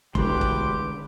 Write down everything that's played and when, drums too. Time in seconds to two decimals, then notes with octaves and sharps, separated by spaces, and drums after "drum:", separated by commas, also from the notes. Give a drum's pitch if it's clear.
0.15 E1 D3 G#3 A3 G4 B4 C6 D6, drum: kick E1
0.41 drum: kick E1